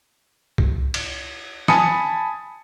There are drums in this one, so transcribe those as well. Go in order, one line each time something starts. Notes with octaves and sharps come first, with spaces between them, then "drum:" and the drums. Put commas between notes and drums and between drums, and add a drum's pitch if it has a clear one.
drum: kick C2
drum: cymbal
G#5 A5 B5 D#6 C#7, drum: snare